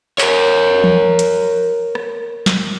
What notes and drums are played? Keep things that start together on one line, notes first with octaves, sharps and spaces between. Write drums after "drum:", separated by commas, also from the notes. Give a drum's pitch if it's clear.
A#4 C#5, drum: clap
drum: tom E3
drum: hi-hat
drum: rim click
drum: snare